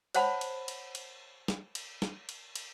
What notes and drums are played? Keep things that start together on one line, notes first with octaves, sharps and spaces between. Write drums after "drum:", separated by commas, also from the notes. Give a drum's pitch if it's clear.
C5 C#5 F#5 A5 B5, drum: cymbal
drum: cymbal
drum: cymbal
drum: cymbal
drum: snare
drum: cymbal
drum: snare
drum: cymbal
drum: cymbal